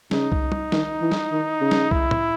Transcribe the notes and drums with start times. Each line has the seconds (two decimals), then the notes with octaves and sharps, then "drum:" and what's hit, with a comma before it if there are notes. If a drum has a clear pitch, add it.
0.11 C#3 D#4, drum: snare
0.32 drum: kick C2
0.52 drum: tom
0.72 D#3, drum: snare
1.01 E3
1.12 drum: snare
1.32 D#3
1.61 C#3
1.71 drum: snare
1.91 E4, drum: kick C2
2.11 drum: tom